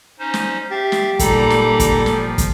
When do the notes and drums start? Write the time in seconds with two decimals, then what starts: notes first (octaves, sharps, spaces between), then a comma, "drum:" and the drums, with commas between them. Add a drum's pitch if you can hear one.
0.19 C#4 D#4 C5
0.34 drum: snare
0.71 G4 E5 F5 A6
0.92 drum: snare
1.19 A#2 G3 D#4 A4 A#5 B5, drum: kick, hi-hat
1.50 drum: snare
1.80 drum: kick, hi-hat
2.06 F3, drum: snare
2.38 drum: kick, hi-hat